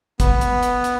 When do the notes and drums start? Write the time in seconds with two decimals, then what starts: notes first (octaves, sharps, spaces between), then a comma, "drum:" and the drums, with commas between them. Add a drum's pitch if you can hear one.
0.20 B3, drum: kick, hi-hat
0.41 drum: hi-hat
0.63 drum: hi-hat
0.84 drum: hi-hat